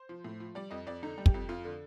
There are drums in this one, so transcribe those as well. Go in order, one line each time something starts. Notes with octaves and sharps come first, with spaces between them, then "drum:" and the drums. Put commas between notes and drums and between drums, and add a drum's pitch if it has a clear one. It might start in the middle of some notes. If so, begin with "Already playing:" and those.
Already playing: C5
F3
A2
F3
G3 D5
F2 D#5
F2 D5
D3 D#4
G3
G4, drum: kick
F2
F2 F4
D3